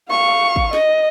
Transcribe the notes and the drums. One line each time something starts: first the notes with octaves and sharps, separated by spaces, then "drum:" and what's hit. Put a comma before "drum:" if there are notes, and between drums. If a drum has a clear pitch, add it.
F5 C#6
drum: kick
D#5, drum: snare